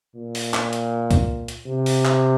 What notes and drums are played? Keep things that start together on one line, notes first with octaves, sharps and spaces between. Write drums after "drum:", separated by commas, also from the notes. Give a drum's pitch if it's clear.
A#2
drum: open hi-hat
drum: clap
drum: hi-hat
drum: kick C#2, hi-hat
drum: hi-hat
C3
drum: open hi-hat
drum: clap